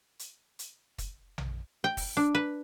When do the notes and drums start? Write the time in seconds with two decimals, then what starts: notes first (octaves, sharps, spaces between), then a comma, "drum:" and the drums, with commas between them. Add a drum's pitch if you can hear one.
0.19 drum: hi-hat
0.59 drum: hi-hat
0.98 drum: kick, hi-hat
1.38 drum: tom A#1
1.84 G5
1.97 drum: kick, open hi-hat
2.17 D4
2.35 B4